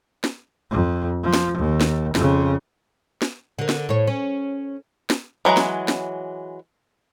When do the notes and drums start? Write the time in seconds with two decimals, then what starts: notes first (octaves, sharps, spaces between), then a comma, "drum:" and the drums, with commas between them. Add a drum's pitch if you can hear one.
0.24 drum: snare
0.71 F2
1.23 F3
1.34 drum: snare
1.58 D#2
1.81 drum: snare
2.15 F2 C#3, drum: snare
3.22 drum: snare
3.59 D3 A#4
3.69 drum: snare
3.89 A2 C#5
4.07 C#4
5.10 drum: snare
5.45 E3 F#3 G#3 A#5
5.57 drum: snare
5.88 drum: snare